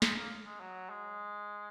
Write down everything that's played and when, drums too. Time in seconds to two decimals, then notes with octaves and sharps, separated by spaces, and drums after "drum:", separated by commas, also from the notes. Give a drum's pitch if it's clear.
0.02 G#3, drum: snare
0.17 A#3
0.46 G#3
0.60 F#3
0.90 G#3